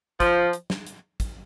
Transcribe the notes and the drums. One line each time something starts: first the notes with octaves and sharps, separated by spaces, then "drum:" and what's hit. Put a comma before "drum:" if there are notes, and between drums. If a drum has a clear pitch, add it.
F3, drum: kick, hi-hat
drum: hi-hat
drum: snare
drum: hi-hat
drum: kick, hi-hat